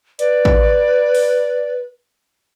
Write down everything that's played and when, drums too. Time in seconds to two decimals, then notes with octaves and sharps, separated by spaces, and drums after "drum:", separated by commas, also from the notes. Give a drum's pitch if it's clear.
0.19 B4 D5, drum: hi-hat
0.45 drum: kick
1.15 drum: open hi-hat